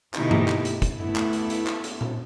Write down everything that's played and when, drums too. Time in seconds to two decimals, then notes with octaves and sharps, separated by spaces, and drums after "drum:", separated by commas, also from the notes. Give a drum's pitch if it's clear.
0.14 B2 D3 D#4 E4 G4, drum: clap
0.31 drum: tom
0.48 drum: clap
0.65 drum: hi-hat
0.82 drum: kick, hi-hat
0.94 A3 B3 E4
1.16 drum: clap
1.33 drum: hi-hat
1.50 drum: hi-hat
1.67 drum: clap
1.84 drum: hi-hat
2.01 drum: tom A#2